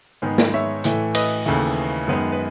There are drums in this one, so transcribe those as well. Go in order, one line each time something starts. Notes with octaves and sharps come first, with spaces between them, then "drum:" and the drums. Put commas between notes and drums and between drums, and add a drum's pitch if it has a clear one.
G#2 D#3 G#3 B3
drum: snare
C#5 E5
A2 E3 A3, drum: hi-hat
B4 D#5, drum: cymbal
D#2 C#3 E3 A3
F#2 D#3 G#3 B3
B4